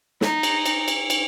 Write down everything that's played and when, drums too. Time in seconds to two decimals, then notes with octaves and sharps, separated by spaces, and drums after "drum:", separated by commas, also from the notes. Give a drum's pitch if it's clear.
0.21 D#4, drum: snare
0.43 drum: cymbal
0.66 drum: cymbal
0.88 drum: cymbal
1.10 drum: cymbal